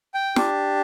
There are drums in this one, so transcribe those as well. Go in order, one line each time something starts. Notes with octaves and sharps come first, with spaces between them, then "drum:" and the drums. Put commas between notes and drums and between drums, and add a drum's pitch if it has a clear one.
G5
D4 G4, drum: snare